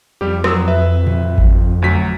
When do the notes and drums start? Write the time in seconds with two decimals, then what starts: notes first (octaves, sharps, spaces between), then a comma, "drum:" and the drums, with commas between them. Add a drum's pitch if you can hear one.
0.21 F2 G3 G4
0.44 F#3 D#6 E6, drum: rim click
0.68 B4 E5
1.07 drum: tom A#2
1.38 drum: kick G#1
1.82 D2 F#3 B6